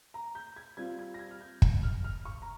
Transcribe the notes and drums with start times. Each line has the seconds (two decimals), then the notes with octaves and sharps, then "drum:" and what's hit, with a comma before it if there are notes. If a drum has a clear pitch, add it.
0.14 A#5
0.35 G6
0.56 G#6
0.77 G3 C4 F4 G#6
0.99 G#6
1.14 A#6
1.19 G#6
1.31 F6
1.41 G6
1.62 drum: kick
1.83 F6
2.04 F6
2.25 C#6
2.42 A#5